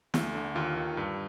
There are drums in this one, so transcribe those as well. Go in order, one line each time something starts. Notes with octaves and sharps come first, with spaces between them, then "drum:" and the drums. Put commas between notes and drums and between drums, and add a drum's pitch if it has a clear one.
D2, drum: snare
D3
D#2 F4
D#3
G2